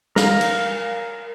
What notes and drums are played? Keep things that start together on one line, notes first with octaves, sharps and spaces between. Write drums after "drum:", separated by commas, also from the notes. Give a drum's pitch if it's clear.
A#4 F5 A#5, drum: snare
drum: cymbal